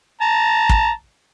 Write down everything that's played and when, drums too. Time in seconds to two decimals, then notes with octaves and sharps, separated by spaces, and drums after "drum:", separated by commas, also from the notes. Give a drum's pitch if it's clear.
0.21 A5 A#5
0.69 drum: kick